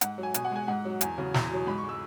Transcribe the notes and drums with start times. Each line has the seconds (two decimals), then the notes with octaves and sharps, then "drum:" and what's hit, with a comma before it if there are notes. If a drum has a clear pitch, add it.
0.01 G#2 F#5, drum: hi-hat
0.18 F#3
0.23 G#5
0.34 B2 G#5, drum: hi-hat
0.45 F#5
0.51 G#3 G#5
0.68 G#2 F#5
0.85 F#3
1.01 E2 G#5, drum: hi-hat
1.18 C#3 F#3
1.34 E2, drum: snare
1.50 B2 F#3
1.67 G#2 B5
1.78 C#6
1.83 G#3
1.89 E6